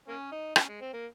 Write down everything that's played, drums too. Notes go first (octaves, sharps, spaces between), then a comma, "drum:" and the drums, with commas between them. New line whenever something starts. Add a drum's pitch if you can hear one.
A#3 C#4
D#4
C#4, drum: rim click
G#3
C4
A#3